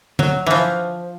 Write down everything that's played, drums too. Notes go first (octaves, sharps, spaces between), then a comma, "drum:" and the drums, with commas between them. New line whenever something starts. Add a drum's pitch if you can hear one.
F#3, drum: tom
E3 F3